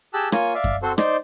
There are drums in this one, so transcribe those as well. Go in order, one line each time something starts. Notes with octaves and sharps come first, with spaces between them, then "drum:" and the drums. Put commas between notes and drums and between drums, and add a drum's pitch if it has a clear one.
G4 G#4 A5 E6 F#6
A#3 F4 C#5 G#5, drum: rim click
D5 E5 F5
drum: kick F#2
C4 F#4 A4 C5
D#4 C5 D5, drum: rim click